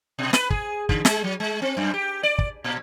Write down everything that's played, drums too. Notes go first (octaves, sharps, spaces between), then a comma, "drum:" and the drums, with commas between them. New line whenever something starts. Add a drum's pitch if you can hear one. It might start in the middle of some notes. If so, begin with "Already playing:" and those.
B2
B4, drum: snare
G#4, drum: kick
D3, drum: kick
G#3, drum: snare
F#3
G#3
C4
F#2
G4
D5
drum: kick
A#2